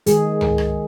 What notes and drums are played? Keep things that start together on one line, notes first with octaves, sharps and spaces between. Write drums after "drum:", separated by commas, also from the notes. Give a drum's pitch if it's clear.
D#3 G#3 G#4, drum: hi-hat
drum: tom C#2
drum: rim click